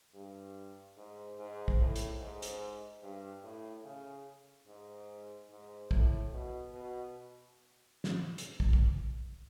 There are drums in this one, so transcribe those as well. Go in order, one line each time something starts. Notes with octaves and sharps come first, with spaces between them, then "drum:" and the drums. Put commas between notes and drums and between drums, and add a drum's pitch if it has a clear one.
G2
G#2
G#2
drum: kick
A2
drum: hi-hat
G#2
drum: hi-hat
G2
A2
C#3
G#2
G#2
A2, drum: kick
B2
B2
drum: snare
drum: hi-hat
drum: kick
drum: kick